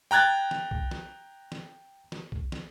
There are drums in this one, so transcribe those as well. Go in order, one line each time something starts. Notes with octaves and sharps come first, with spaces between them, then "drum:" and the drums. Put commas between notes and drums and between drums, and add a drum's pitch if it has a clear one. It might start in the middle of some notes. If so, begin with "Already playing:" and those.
G5 A#5 F#6 G#6 A6
drum: snare
drum: kick B1
drum: snare
drum: snare
drum: snare
drum: kick B1
drum: snare